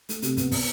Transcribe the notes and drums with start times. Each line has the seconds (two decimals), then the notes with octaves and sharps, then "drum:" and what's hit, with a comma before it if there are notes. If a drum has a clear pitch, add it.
0.09 A3, drum: hi-hat
0.22 C3, drum: hi-hat
0.37 B3, drum: kick, hi-hat
0.51 drum: kick, open hi-hat